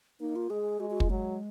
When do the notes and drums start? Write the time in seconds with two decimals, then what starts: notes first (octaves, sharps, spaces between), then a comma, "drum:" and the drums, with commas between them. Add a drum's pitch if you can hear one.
0.21 A#3 D#4
0.36 F4
0.50 G#3 G#4
0.80 G#3 F#4
0.90 F#4
1.00 F4, drum: kick
1.10 F#3 G#3